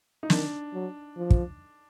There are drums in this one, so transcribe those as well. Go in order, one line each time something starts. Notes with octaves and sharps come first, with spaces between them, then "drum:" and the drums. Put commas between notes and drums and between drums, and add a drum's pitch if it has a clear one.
D#4
D#3 D4, drum: snare
F#3
F3
drum: kick